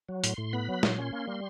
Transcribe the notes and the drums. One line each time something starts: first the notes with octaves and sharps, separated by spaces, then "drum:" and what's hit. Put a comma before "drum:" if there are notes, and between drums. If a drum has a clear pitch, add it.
F#3
A2 C6, drum: hi-hat
A2
B3 B5
F#3
A#2 C6, drum: snare
C#4
A#3
G3